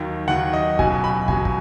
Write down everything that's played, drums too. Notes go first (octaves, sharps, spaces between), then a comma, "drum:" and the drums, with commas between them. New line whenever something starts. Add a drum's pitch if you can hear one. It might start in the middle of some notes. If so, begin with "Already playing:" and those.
Already playing: D#2 D#3 F#3
D#2 D#3 F#3 F#5
D#5
C#2 B2 F#3 G#5, drum: kick
B5
C#2 B2 F#3 G#5, drum: kick
drum: kick